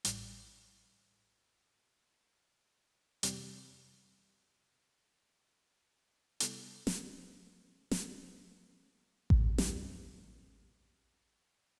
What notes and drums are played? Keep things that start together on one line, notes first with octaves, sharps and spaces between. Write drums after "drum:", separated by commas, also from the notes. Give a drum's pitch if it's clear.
A1 A2 E3 G3, drum: hi-hat
F2 C3 E3 G3, drum: hi-hat
C3 G3 B3 E4 A4, drum: hi-hat
drum: snare
drum: snare
drum: kick A1
E3 G3 D4 G4, drum: snare